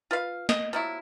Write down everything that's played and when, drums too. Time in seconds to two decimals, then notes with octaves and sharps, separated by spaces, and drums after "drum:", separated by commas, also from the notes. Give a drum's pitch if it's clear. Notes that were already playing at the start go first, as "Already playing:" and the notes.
0.11 F4 B4 F5
0.49 D#5, drum: snare
0.73 F3 F#3 E4